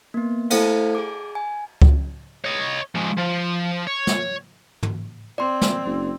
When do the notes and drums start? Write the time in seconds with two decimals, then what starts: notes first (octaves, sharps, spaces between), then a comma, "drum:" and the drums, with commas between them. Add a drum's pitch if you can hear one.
0.14 A#3 B3
0.50 A3 E4 A4 C5 F5, drum: cymbal
0.95 G#4 D6
1.35 G#5
1.82 drum: kick C#2
2.45 C#5 D#5
2.95 F3 G#3
3.18 F3
3.87 C#5
4.07 drum: snare
4.83 drum: tom
5.38 C4 D5 C6
5.61 drum: snare
5.86 F#1